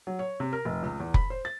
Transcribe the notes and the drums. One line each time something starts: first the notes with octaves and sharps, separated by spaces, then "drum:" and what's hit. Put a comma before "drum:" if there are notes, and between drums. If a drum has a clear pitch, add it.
F#3
C#5
C3
A#4
F1
C#2
E2
B5, drum: kick F1
C5
A6